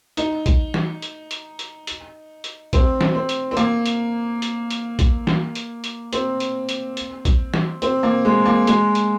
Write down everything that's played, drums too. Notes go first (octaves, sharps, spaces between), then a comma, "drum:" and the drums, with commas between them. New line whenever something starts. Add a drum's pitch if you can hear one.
D#4, drum: hi-hat
drum: kick, hi-hat
drum: snare
drum: hi-hat
drum: hi-hat
drum: hi-hat
drum: hi-hat
drum: hi-hat
C4, drum: kick, hi-hat
drum: snare
C4
drum: hi-hat
C4
A#3, drum: hi-hat
drum: hi-hat
drum: hi-hat
drum: hi-hat
drum: kick, hi-hat
drum: snare
drum: hi-hat
drum: hi-hat
C4, drum: hi-hat
drum: hi-hat
drum: hi-hat
drum: hi-hat
drum: kick, hi-hat
drum: snare
C4, drum: hi-hat
A#3
G#3
A#3
G#3, drum: hi-hat
drum: hi-hat